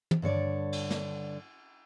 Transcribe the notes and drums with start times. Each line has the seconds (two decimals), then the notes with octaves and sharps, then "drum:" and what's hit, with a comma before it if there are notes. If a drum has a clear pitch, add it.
0.11 drum: tom
0.22 G2 D3 C#5 D5
0.73 drum: cymbal
0.91 drum: snare